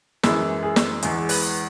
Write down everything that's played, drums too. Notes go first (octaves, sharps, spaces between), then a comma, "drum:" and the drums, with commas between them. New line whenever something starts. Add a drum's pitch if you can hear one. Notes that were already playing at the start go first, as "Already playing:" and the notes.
F#2 E3 G#3 E4, drum: snare
G#4
drum: snare
E2 E3 G#3 G#4, drum: hi-hat
B4, drum: open hi-hat